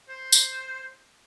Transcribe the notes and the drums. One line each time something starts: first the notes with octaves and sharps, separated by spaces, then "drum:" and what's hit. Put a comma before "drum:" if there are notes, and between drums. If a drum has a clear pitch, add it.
C5
drum: tambourine